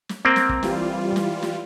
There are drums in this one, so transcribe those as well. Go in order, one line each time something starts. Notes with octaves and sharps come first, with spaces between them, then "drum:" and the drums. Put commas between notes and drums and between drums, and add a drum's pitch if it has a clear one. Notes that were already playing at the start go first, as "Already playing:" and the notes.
drum: snare
A#3 C4
drum: snare
drum: kick
E3 G3 F4, drum: snare
drum: snare
drum: snare